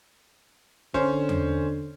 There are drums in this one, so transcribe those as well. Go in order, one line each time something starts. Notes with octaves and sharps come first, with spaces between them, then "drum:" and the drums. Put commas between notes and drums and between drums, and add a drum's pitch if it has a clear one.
D3 C#4 C5, drum: kick
drum: tom E2